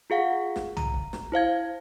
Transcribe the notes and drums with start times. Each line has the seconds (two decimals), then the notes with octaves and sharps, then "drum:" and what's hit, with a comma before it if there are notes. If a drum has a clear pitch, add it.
0.10 F4 G#4 F5 F#5
0.56 drum: snare
0.77 A#5, drum: tom
0.94 drum: kick
1.13 drum: snare
1.32 E4 C5 F5 G#6